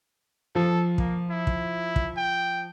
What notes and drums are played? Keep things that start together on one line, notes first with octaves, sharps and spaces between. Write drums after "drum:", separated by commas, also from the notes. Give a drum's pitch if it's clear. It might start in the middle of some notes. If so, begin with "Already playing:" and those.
F3 A4
A#3, drum: kick
E4
drum: kick
drum: kick
G5